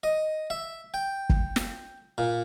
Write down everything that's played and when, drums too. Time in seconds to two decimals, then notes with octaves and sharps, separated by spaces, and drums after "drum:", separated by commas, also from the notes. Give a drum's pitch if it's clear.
0.03 D#5
0.50 E5
0.94 G5
1.30 drum: kick
1.56 drum: snare
2.18 A#2